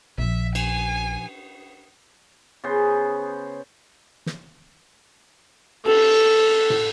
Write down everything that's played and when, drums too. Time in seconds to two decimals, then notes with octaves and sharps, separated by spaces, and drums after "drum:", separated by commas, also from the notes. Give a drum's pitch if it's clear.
0.18 A#1 A#2 F3 E5
0.55 G#5, drum: cymbal
2.64 C#3 B3 C5
4.26 drum: snare
5.85 A4, drum: cymbal
6.70 drum: tom